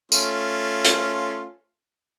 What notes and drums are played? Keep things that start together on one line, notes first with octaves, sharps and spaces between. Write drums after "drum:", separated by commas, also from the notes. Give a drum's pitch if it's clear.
A3 C#4 F4, drum: tambourine
drum: hi-hat